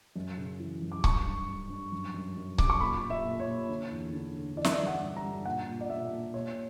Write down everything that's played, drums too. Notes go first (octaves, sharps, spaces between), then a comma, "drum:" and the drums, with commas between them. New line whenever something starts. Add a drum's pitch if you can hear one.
F#2
C#3
E3
F#2
D6
G2 C#6, drum: kick C#1
G2
G2
G2
F#2
F#2
F#2
F#2 D6, drum: kick C#1
C#6
A#2 B5
A#2
E5
A#2
C#5
A#2
D3
E2
D3
D3
E3 D5
E5, drum: snare
D5
G2
F#5
G2
A#5
G2
A#2 F#5
A#2
D5
A#2 E5
A#2
A#2 C#5